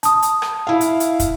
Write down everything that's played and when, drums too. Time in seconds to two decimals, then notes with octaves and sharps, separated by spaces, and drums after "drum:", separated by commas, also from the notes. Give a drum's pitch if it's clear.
0.03 A5 D#6, drum: hi-hat
0.22 drum: hi-hat
0.42 drum: rim click
0.67 E4 F5
0.81 drum: hi-hat
1.00 drum: hi-hat
1.20 drum: kick, hi-hat